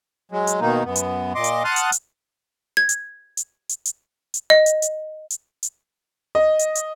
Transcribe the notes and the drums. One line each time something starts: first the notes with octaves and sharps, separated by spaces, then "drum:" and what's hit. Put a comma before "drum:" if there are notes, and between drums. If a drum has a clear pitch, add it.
F#3 G#3
drum: hi-hat
B2 D#3 A#3 D#4
F#2 B3
drum: hi-hat
A#2 D#5 C6 D6
drum: hi-hat
F#5 A5 C6 D#6 F6 F#6
drum: hi-hat
drum: hi-hat
G#6
drum: hi-hat
drum: hi-hat
drum: hi-hat
drum: hi-hat
drum: hi-hat
D#5
drum: hi-hat
drum: hi-hat
drum: hi-hat
drum: hi-hat
D#5
drum: hi-hat
drum: hi-hat